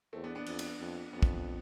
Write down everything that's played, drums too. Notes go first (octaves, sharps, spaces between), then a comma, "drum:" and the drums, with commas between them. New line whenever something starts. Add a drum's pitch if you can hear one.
E2 A3 C4
B3 D4
B3 D4
F2, drum: cymbal
drum: cymbal
F2
F2 B3 D4
drum: kick